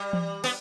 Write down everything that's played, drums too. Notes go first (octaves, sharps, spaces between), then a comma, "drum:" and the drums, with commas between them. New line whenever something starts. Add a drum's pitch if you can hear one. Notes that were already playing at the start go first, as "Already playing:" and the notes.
Already playing: G3
drum: tom E3
B3, drum: cymbal